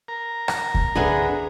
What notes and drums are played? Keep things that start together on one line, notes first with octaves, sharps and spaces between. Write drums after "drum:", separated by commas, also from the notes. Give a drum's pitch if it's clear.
A#4 A#5
drum: rim click
drum: kick D2
D3 B3 G#4 B4 E5